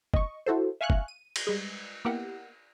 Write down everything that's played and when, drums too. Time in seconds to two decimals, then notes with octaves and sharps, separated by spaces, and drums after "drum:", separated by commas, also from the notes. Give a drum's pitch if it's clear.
0.14 D#5 C#6, drum: kick
0.46 E4 F#4 A4 C5
0.81 E5 F5 G#5 C#6 F6 F#6
0.90 drum: kick
1.08 D#7
1.36 drum: cymbal
1.47 G3 G#3
2.05 A#3 B3 E4 G4 A#4 F#5